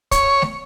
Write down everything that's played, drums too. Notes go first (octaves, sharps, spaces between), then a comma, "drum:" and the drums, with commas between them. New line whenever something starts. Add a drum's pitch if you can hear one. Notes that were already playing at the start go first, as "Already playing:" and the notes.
C#5, drum: kick, hi-hat
drum: snare A3